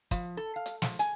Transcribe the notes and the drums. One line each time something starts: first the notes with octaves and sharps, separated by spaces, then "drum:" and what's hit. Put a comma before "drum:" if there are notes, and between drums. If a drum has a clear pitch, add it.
F3, drum: kick, hi-hat
A4
F5
drum: hi-hat
F3, drum: snare
G#5, drum: hi-hat